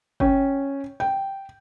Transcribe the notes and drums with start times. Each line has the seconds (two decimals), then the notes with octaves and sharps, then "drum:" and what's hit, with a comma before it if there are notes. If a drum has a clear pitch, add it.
0.20 C#4 G5, drum: kick G1
1.00 G5